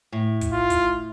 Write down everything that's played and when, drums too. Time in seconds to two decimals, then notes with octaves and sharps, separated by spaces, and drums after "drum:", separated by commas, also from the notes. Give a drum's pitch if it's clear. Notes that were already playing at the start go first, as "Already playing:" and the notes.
0.12 A2
0.41 drum: kick, hi-hat
0.52 F4
0.70 drum: kick, hi-hat